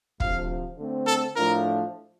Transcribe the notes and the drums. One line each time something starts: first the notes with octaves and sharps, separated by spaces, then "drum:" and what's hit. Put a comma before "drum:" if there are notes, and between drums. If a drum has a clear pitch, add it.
D2 C3 F3 F5, drum: kick
D3 A3 C4
A4
A2 F3 A3 D4 F4 A#4